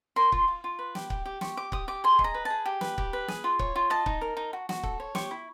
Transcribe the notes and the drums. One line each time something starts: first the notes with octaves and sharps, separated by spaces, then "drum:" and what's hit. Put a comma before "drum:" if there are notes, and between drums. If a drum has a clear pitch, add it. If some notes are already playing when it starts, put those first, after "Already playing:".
A#4 C6
F4, drum: kick C#1
F4
F4
B4
G4, drum: snare
G4, drum: kick C#1
G4
G4 C#6, drum: snare
G4 D6
G4 D#6, drum: kick C#1
G4 D6
G#4 C6
D#5, drum: kick C#1
A#5
B4
A5
G#4
G4
B4, drum: snare
G4, drum: kick C#1
B4
G#4, drum: snare
F4
C#5, drum: kick C#1
F4
D#5 A5
D#4, drum: kick C#1
A#4
D#4
F#4
F#4, drum: snare
A4, drum: kick C#1
C#5
G4 C#6, drum: snare
E4